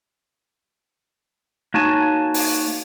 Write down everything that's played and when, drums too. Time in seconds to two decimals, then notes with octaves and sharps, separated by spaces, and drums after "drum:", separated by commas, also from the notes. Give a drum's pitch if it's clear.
1.74 A#3 D#4 F#4 C#5 G#5 A5
2.34 drum: open hi-hat